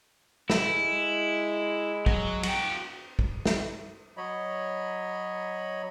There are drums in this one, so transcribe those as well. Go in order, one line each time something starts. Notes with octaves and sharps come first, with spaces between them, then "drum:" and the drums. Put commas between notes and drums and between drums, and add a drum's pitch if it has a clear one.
G#3 E4, drum: snare
F#3, drum: kick
F#4 G5, drum: cymbal
drum: kick
drum: snare
F#3 C#5 D#5 B5